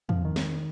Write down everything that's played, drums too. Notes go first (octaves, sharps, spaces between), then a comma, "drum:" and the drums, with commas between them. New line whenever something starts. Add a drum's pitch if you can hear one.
F3, drum: tom
D#3
drum: snare